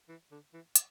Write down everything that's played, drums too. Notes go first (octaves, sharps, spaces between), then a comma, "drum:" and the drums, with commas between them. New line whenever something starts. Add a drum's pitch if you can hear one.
E3
D3
E3
drum: hi-hat